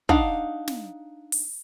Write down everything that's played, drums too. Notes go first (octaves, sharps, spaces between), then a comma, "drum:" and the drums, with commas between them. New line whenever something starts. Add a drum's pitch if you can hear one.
D4 D#4 F5 F#5 B5, drum: kick
drum: snare
drum: open hi-hat